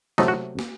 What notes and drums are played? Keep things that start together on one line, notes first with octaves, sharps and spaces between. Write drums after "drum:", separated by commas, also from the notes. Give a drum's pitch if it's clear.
C3 F#3 A3 C4 D#4, drum: snare
F#4
drum: snare